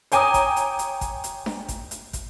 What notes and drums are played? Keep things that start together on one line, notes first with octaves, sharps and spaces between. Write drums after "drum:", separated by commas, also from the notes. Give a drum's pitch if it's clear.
C#5 G5 G#5 A#5 D6 D#6, drum: hi-hat
drum: kick, hi-hat
drum: hi-hat
drum: hi-hat
drum: kick, hi-hat
drum: hi-hat
drum: snare D4
drum: kick, hi-hat
drum: hi-hat
drum: kick, hi-hat